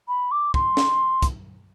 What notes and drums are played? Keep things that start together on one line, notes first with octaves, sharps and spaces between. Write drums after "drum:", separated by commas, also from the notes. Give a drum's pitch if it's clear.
B5
D6
C6, drum: kick
drum: snare
drum: kick, hi-hat